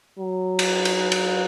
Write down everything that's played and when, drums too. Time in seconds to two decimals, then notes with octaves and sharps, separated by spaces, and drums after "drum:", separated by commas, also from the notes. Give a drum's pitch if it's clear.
0.19 F#3
0.59 drum: cymbal
0.85 drum: cymbal
1.12 drum: cymbal